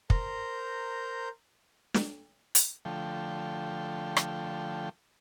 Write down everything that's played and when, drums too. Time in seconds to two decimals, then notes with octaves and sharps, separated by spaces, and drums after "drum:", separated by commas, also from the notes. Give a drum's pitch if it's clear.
0.10 A#4 C5 A#5 G6, drum: kick
1.94 drum: snare
2.55 drum: hi-hat
2.85 D3 F3 A3 G5
4.17 drum: rim click